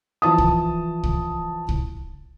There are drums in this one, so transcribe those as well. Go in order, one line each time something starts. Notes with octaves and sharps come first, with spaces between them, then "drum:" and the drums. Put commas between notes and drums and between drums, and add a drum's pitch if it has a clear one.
E3 F3 A5 D#6
drum: kick
drum: kick
drum: kick